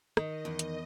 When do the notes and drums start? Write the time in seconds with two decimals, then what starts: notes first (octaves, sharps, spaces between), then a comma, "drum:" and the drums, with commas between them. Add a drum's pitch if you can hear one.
0.17 D#3 D#5, drum: rim click
0.45 E2
0.59 drum: hi-hat